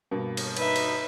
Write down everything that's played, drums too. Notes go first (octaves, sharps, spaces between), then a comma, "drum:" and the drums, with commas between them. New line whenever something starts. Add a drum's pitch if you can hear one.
G2 B2 A#3
drum: cymbal
D#4 B4 E5, drum: cymbal
drum: cymbal